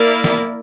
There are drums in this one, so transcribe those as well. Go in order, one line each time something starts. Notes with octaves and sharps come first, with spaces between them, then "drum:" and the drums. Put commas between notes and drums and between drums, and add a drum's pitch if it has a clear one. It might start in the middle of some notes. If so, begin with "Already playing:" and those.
Already playing: A#3 E4 A#4 D5
drum: snare